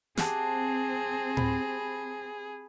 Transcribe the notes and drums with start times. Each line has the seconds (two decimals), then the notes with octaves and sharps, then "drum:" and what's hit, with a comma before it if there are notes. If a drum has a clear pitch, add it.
0.17 C4 G4 G#4 F#5 A5, drum: snare
1.37 B5, drum: tom A2